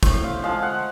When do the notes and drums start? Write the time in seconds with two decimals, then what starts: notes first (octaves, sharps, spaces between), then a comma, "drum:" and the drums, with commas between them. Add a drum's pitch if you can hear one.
0.03 A2 C5, drum: kick, hi-hat
0.24 F5
0.43 F3 G#3 F5
0.62 F#5